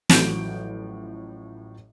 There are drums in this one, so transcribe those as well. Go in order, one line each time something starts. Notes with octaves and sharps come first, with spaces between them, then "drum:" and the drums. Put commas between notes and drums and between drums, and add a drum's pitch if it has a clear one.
A1 A2 F3 F#3 G6 D7, drum: snare